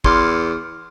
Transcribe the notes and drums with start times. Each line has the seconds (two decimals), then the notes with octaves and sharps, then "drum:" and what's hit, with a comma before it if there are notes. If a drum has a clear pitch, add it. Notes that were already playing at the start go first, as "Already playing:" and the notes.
0.04 E2 C6 D6 F6, drum: kick